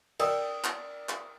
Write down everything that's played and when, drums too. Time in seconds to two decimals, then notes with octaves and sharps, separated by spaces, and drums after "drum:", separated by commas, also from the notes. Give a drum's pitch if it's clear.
0.19 A#4 D5 G5 D#6 E6, drum: cymbal
0.64 drum: clap
1.09 drum: clap